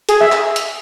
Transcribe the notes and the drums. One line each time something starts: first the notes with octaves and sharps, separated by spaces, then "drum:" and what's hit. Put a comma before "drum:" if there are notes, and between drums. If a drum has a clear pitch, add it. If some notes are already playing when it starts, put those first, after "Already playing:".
G#4, drum: hi-hat
E5
drum: clap
drum: hi-hat